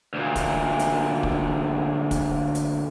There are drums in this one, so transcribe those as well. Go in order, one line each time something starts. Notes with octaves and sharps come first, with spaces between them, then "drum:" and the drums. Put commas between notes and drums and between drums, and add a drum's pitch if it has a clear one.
D2 A#2
drum: kick, hi-hat
drum: hi-hat
drum: kick
drum: kick, hi-hat
drum: hi-hat